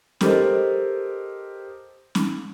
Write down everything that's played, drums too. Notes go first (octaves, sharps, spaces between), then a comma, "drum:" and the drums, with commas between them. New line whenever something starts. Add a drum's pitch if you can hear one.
G4 A4 A#4 C5 D#5, drum: snare C#4
drum: snare C#4